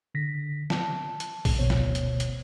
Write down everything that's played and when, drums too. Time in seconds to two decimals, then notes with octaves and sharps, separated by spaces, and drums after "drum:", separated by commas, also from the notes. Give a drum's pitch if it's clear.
0.15 D3 A#6 B6
0.70 A5, drum: snare
1.20 drum: hi-hat
1.45 drum: kick A#1, open hi-hat
1.59 G1 D2 B2 B3 C5 C#5
1.70 drum: snare
1.95 drum: hi-hat
2.20 drum: hi-hat